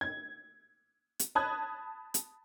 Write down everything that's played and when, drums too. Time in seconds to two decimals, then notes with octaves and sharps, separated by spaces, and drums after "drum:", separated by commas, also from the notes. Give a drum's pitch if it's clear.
0.01 G#6
1.19 drum: hi-hat
1.35 A5 B5 D#6 F#6 G#6
2.14 drum: hi-hat